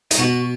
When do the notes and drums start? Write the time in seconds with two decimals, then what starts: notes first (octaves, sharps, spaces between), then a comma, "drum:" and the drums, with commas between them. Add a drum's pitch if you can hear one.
0.11 D#4, drum: hi-hat
0.18 B2 B3 F#4